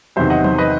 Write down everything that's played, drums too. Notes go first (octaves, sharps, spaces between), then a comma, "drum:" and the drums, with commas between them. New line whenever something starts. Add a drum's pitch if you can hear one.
E2 C3 D#3 F#3 C5 E5
D#5 F#5
C5, drum: tom F3
B4 D#5